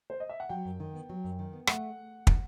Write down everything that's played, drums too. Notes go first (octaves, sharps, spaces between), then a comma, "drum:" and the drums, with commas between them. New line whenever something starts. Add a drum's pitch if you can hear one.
C5
D#5
E5
F#5
F#3 G5
F#2
D#3
B3
F#3
F#2
D#3
B3
A3 F#5, drum: rim click
drum: kick